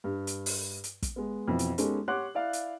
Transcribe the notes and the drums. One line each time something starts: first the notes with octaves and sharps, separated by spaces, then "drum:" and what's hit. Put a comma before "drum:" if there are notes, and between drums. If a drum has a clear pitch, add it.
G2
drum: hi-hat
drum: open hi-hat
drum: hi-hat
drum: kick, hi-hat
G#3 B3
F2 B2 E3
drum: hi-hat
G#3 B3 C#4 D#4 G4 A4, drum: hi-hat
G4 C#5 F#5 C6 D6 F#6
E4 D5 F5
drum: hi-hat